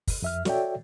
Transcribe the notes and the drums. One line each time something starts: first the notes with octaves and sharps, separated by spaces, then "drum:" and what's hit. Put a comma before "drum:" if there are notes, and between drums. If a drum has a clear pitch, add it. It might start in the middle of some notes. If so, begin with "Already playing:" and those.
drum: kick, open hi-hat
F2 E5 F6
F#4 A4 C#5 D5 E5 G5, drum: snare